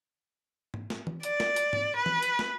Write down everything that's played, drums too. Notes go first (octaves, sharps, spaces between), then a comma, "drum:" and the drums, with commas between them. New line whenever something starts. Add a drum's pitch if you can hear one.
drum: tom
drum: snare
drum: tom
D5, drum: hi-hat
drum: snare
drum: hi-hat
drum: tom
B4
drum: tom
drum: hi-hat
drum: snare